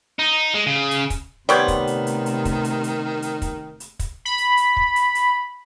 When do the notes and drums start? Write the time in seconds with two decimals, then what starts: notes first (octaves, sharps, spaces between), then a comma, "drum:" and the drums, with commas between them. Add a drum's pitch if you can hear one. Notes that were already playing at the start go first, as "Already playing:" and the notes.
0.19 D#4
0.54 G#3
0.67 C#3
0.91 drum: hi-hat
1.10 drum: kick, hi-hat
1.49 C3 D#3 G3 A3 B3 C5 C#5, drum: hi-hat
1.68 drum: kick, hi-hat
1.87 drum: hi-hat
2.07 drum: hi-hat
2.26 drum: hi-hat
2.45 drum: kick, hi-hat
2.64 drum: hi-hat
2.84 drum: hi-hat
3.22 drum: hi-hat
3.42 drum: kick, hi-hat
3.80 drum: hi-hat
3.99 drum: kick, hi-hat
4.25 B5
4.38 drum: hi-hat
4.57 drum: hi-hat
4.77 drum: kick
4.96 drum: hi-hat
5.15 drum: hi-hat